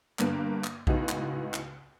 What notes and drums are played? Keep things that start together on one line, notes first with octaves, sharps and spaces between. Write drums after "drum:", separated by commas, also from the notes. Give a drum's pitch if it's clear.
G2 D3 A#3 B3, drum: clap
drum: clap
C#2 A2 B3 D#4 F#4, drum: kick A#1
drum: clap
drum: clap